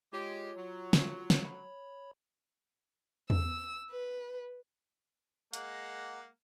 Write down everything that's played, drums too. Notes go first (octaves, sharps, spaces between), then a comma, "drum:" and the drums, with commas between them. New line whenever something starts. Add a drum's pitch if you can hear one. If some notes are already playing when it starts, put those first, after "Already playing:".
G#3 F4 G4 C#5
F#3
drum: snare
drum: snare
C#5 B5
E6, drum: tom E2
B4
G#3 A#3 F#5, drum: hi-hat